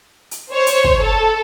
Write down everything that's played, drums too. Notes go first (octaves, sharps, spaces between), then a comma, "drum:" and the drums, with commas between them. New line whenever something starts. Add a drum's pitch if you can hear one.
drum: hi-hat
C5 C#5
drum: hi-hat
drum: kick
A4